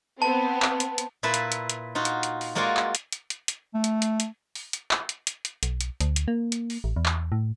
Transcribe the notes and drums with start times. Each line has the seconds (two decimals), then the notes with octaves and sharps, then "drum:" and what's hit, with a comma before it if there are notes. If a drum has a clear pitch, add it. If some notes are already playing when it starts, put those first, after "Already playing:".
0.22 B3 C4 A5
0.62 drum: clap
0.80 drum: hi-hat
0.98 drum: hi-hat
1.23 A#2 A#3 E4 B4 A5
1.34 drum: hi-hat
1.52 drum: hi-hat
1.70 drum: hi-hat
1.95 D#4 F4 F#4
2.05 drum: hi-hat
2.23 drum: hi-hat
2.41 drum: open hi-hat
2.55 G#3 A#3 F4 F#4 D5 G#5
2.77 drum: clap
2.95 drum: hi-hat
3.12 drum: hi-hat
3.30 drum: hi-hat
3.48 drum: hi-hat
3.74 A3
3.84 drum: hi-hat
4.02 drum: hi-hat
4.20 drum: hi-hat
4.55 drum: open hi-hat
4.73 drum: hi-hat
4.91 drum: clap
5.09 drum: hi-hat
5.27 drum: hi-hat
5.45 drum: hi-hat
5.63 B1, drum: hi-hat
5.81 drum: hi-hat
6.01 D2, drum: hi-hat
6.16 drum: hi-hat
6.28 A#3
6.52 drum: hi-hat
6.70 drum: open hi-hat
6.84 A1
6.96 E2
7.06 drum: clap
7.32 A2